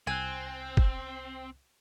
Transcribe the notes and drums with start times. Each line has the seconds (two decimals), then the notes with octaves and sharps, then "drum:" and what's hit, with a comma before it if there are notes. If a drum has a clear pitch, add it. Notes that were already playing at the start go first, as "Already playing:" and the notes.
0.07 C2 C4 G#5 F#6
0.77 drum: kick